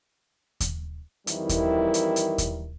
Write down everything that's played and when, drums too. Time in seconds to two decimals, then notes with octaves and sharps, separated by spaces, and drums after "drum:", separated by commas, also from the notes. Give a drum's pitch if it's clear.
0.60 drum: kick D#2, hi-hat
1.27 F2 D#3 E3 G3 E4 A#4, drum: hi-hat
1.49 drum: kick D#2, hi-hat
1.94 drum: hi-hat
2.16 drum: hi-hat
2.38 drum: kick D#2, hi-hat